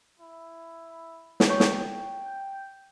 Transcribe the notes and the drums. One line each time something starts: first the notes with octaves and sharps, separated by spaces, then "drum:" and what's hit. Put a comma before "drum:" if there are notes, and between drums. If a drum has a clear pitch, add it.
E4
drum: snare
C#5 G5 C#6
drum: snare